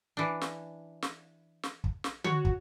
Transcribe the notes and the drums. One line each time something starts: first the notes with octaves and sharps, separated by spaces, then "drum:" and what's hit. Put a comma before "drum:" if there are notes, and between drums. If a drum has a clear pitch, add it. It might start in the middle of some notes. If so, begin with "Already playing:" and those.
E3 D4
drum: snare
drum: snare
drum: snare
drum: kick
drum: snare
F#4 C#5, drum: tom D3
drum: kick